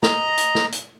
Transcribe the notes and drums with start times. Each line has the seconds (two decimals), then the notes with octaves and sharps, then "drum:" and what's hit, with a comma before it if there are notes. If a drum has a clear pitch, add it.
0.03 D#5 A#5, drum: snare
0.38 drum: hi-hat
0.55 drum: snare
0.72 drum: hi-hat